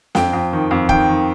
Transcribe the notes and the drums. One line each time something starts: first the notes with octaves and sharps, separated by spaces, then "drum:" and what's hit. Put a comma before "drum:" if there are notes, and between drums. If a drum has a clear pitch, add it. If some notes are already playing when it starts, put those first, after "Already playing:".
F2 G5, drum: snare
F2
D#3
F2
D#3 G5, drum: kick
D#3